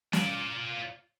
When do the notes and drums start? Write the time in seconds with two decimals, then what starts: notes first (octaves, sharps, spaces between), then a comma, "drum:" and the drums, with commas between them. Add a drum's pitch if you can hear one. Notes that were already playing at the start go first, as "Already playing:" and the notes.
0.13 F4 D5, drum: snare